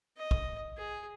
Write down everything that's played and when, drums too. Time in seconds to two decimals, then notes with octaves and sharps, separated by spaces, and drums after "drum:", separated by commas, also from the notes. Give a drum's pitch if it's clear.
0.17 D#5
0.31 drum: kick
0.77 G#4